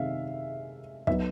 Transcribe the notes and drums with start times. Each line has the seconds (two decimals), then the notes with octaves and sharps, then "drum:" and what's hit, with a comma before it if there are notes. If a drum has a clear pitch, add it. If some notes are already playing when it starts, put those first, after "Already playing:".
Already playing: C3 D#3 G#3 E5 F5
1.07 F#3 B3 D#4 E5, drum: kick